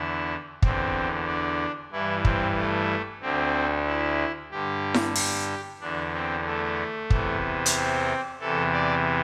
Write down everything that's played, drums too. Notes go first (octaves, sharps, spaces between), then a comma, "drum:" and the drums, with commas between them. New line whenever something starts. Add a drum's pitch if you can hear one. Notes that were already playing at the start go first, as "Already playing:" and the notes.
Already playing: E2 D3 E4
E2 D3 C4, drum: kick
D4
G2 E3 E4
C4, drum: kick
A3
D2 D3 C4
E4
G2 D3 G4
drum: snare E4
G4, drum: open hi-hat
E2 D3 D4
C4
A3
E2 C3 E3, drum: kick
drum: hi-hat
C4
E2 C3 E3 A4
D5